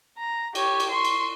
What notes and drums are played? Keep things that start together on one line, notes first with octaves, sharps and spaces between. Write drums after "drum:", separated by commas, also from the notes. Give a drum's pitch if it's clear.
A#5
G4 C#5, drum: cymbal
drum: cymbal
C6 C#6
drum: cymbal